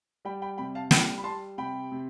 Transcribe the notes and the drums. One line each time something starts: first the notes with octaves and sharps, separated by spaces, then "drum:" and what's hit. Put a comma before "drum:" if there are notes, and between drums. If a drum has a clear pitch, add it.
G3 G5 B5
G5 B5
C3 G5 B5
F5 A5
G3 G5 B5, drum: snare
B5
G3 A5 C6
C3 G5 B5
C3